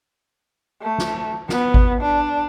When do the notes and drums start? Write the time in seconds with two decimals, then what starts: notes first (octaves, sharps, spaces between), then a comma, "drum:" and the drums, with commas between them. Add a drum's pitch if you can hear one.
0.82 A3
0.98 drum: snare
1.49 B3, drum: snare
1.74 drum: kick G#1
2.01 D4